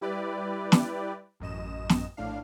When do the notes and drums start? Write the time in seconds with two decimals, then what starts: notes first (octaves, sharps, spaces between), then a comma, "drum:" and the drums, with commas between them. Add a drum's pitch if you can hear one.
0.01 G3 E4 G4 B4 D5
0.72 drum: snare
1.40 A1 F#2 D#5 E7
1.89 drum: snare
2.17 A#1 A2 D4 F5